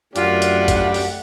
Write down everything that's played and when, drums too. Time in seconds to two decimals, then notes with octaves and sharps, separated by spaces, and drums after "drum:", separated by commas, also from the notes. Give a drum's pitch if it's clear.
0.16 F#2 A3 D4 F4 G4 F#5, drum: hi-hat
0.42 drum: hi-hat
0.68 drum: kick, hi-hat
0.94 drum: open hi-hat